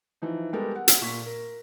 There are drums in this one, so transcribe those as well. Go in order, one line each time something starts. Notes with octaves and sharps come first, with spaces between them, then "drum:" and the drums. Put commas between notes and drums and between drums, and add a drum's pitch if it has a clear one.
E3 F3 D#4
G3 G#3 B3 G4 A4 A#4
F#5
drum: hi-hat
A#2 C#6 B6
A#4